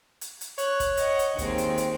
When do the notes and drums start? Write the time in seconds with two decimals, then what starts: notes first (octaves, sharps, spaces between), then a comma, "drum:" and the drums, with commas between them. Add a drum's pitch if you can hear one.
0.21 drum: hi-hat
0.41 drum: hi-hat
0.58 C#5 F#6, drum: hi-hat
0.80 drum: kick, hi-hat
0.97 D#5 F#5, drum: hi-hat
1.19 drum: hi-hat
1.38 D#2 G#3 C4, drum: kick, hi-hat
1.58 drum: hi-hat
1.78 drum: hi-hat